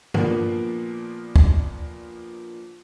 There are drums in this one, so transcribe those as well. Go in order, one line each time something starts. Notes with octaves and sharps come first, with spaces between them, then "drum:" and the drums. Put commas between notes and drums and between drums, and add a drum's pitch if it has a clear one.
A#2 F3 A#3 B3 D4 F4, drum: tom G2
drum: kick